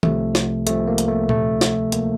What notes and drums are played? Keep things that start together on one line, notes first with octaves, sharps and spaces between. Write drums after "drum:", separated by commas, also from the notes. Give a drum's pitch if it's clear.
C2 C3 F3 A3, drum: tom
drum: snare
C2 C3 F3 A3, drum: hi-hat
A#3
drum: hi-hat
A3
D2 C3 F3 A3, drum: tom A#2
drum: snare
C3 F3 A#3, drum: hi-hat